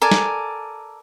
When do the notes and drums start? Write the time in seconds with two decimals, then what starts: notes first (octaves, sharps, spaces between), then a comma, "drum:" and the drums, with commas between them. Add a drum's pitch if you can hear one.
0.02 A4 A#4 D5 G#5
0.11 drum: snare